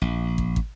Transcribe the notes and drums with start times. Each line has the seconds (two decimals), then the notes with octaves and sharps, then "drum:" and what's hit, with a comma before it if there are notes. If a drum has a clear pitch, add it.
0.02 A#1
0.38 drum: kick
0.56 drum: kick